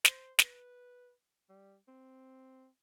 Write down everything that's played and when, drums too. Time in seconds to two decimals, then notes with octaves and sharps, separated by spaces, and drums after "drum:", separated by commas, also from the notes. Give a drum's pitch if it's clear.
0.05 C5, drum: snare
0.39 B4, drum: snare
1.49 G3
1.88 C4